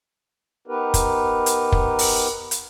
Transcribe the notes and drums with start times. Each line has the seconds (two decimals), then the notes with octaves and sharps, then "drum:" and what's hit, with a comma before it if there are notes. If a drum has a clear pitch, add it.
0.67 B3 D#4 G4 A#4 B4
0.94 drum: kick, hi-hat
1.46 drum: hi-hat
1.72 drum: kick
1.99 drum: open hi-hat
2.51 drum: hi-hat